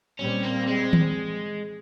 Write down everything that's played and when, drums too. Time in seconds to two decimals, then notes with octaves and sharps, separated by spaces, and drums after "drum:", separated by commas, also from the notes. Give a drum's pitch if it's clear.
0.19 A#2 G3 C4 C#4
0.43 A#3
0.68 G#3
0.93 drum: tom D#3